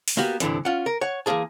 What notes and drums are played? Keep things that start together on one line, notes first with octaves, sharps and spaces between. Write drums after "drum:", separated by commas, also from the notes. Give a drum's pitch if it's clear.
drum: open hi-hat
A#3 B3 F#4 G4
C2 G2 A#2 D3 E3, drum: hi-hat
C#4 F4 F#5
A#4
C#5 F#5
E3 F3 A#3 G#4 A5